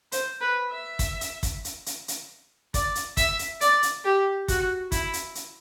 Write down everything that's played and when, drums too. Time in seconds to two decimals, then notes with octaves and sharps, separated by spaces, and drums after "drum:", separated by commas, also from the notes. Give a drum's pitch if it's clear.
0.12 C5, drum: hi-hat
0.41 B4
0.70 E5
0.99 drum: kick, hi-hat
1.21 drum: hi-hat
1.43 drum: kick, hi-hat
1.65 drum: hi-hat
1.86 drum: hi-hat
2.08 drum: hi-hat
2.74 D5, drum: kick, hi-hat
2.95 drum: hi-hat
3.17 E5, drum: kick, hi-hat
3.39 drum: hi-hat
3.61 D5, drum: hi-hat
3.83 drum: hi-hat
4.04 G4
4.48 F#4, drum: kick, hi-hat
4.92 E4, drum: kick, hi-hat
5.13 drum: hi-hat
5.35 drum: hi-hat